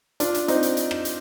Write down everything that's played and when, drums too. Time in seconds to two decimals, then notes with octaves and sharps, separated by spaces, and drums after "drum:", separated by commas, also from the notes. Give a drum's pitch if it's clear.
0.20 D4 F4, drum: hi-hat
0.34 drum: hi-hat
0.48 C4 D#4, drum: hi-hat
0.63 drum: hi-hat
0.77 drum: hi-hat
0.91 drum: rim click
1.05 drum: hi-hat